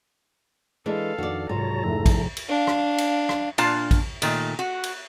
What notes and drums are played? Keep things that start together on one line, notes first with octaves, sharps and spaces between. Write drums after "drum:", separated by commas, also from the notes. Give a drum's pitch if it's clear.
E3 G#3 D4 A4 F5
F2 D#3 D4 F#4 D5
C2 G#2 F#3 F4 C#5 A5 A#5
F1 A3 E4 A4
drum: kick, cymbal
drum: cymbal
D4 F5
drum: rim click
drum: cymbal
drum: rim click
A#2 D4 F4 F5 A5, drum: cymbal
drum: kick, cymbal
A#2 D#3 A3, drum: cymbal
F#4
drum: cymbal